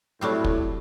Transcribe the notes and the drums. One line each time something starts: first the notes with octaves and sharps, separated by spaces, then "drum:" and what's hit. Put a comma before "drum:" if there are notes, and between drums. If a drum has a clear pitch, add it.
A2 F#3 G3 C4
drum: kick